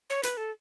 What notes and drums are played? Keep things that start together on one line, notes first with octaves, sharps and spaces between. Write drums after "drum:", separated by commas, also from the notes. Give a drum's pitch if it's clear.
C#5
B4, drum: hi-hat
A4